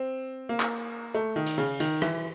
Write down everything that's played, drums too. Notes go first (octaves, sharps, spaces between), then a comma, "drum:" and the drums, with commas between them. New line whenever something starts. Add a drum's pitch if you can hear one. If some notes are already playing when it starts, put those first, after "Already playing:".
Already playing: C4
A#3
drum: clap
A3
D#3
drum: hi-hat
C#3
D#3, drum: hi-hat
E3, drum: rim click